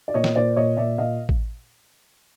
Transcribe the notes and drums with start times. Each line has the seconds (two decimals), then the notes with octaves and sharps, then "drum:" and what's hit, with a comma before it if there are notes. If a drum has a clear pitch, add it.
0.08 D5
0.14 A#2 C#5 D#5
0.24 drum: snare
0.36 A#2 C5 D5
0.56 A#2 C#5 D#5
0.77 A#2 D5 E5
0.98 A#2 D#5 F5
1.29 drum: kick A1